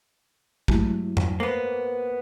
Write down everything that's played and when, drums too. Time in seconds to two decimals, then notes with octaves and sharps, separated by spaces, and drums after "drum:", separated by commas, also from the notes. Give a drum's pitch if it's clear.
0.68 G2 F#3 G#3 A3 E4, drum: kick
1.17 drum: tom F2
1.40 A#3 B3 C5